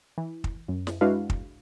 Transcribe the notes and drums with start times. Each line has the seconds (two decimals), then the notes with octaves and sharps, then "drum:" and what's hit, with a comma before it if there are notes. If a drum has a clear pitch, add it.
0.18 E3
0.44 drum: kick
0.68 F#2
0.87 drum: snare
1.01 G#3 D4 E4 F#4 B4 F5
1.30 drum: kick